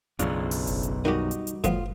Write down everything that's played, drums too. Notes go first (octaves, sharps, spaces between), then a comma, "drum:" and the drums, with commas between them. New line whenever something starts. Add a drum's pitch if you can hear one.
B1 F#2 C#3 D4 F4, drum: hi-hat
drum: open hi-hat
drum: kick F#1, hi-hat
drum: hi-hat
D#3 G3 D#4 F#4 G4 D#5
drum: hi-hat
drum: hi-hat
A2 F3 B3 F4, drum: kick F#1, hi-hat